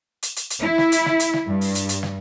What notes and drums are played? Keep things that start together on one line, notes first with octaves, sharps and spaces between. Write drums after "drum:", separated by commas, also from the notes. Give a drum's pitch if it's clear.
drum: hi-hat
drum: hi-hat
drum: hi-hat
E4
drum: snare
drum: hi-hat
drum: snare
drum: hi-hat
drum: snare
G2
drum: open hi-hat
drum: hi-hat
drum: hi-hat
drum: snare